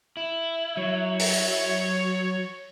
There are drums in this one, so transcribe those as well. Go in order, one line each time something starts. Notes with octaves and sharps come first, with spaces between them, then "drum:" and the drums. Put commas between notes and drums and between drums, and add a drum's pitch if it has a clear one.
E4
F#3 C#5
drum: open hi-hat